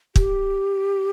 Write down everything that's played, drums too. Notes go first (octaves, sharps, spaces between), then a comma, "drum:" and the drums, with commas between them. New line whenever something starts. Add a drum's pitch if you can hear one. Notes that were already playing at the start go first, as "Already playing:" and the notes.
G4, drum: kick